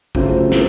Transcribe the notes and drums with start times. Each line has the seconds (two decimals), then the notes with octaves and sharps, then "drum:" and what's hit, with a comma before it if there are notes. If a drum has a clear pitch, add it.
0.15 C#3 F#3 A3 C4 F4, drum: kick
0.51 drum: snare